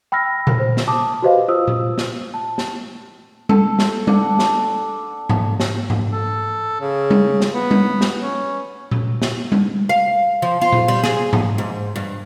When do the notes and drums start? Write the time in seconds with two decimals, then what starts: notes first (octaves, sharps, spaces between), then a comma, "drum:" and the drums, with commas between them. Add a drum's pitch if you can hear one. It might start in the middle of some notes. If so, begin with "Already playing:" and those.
0.12 G5 B5 E6 F6 A#6
0.47 drum: tom A#2
0.60 C5
0.77 drum: snare
0.88 A5 D6 D#6
1.22 F#4 G4 B4 C5 D#5 F5
1.48 F4 C5 D#6 E6
1.67 drum: tom A#2
1.98 drum: snare
2.34 A5
2.58 drum: snare
3.49 A4, drum: tom G3
3.79 drum: snare
4.07 D4 F#5, drum: tom G3
4.39 drum: snare
5.29 drum: tom G#2
5.60 drum: snare
5.90 drum: tom G#2
6.11 A4
6.80 C#3
7.10 drum: tom G3
7.41 drum: snare
7.51 B3
7.71 drum: tom G3
8.01 drum: snare
8.20 C#4
8.91 drum: tom A#2
9.22 drum: snare
9.52 drum: tom G3
9.89 F5
10.42 F3
10.61 F4
10.72 drum: tom A#2
10.88 G3
11.04 G#4, drum: snare
11.33 drum: tom G#2
11.58 G#2
11.96 G2